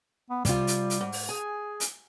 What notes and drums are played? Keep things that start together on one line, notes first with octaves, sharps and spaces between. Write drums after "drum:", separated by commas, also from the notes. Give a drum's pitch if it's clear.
B3
C3 G3 F4, drum: kick, hi-hat
drum: hi-hat
drum: hi-hat
G#2
drum: open hi-hat
G#4 G#5
drum: hi-hat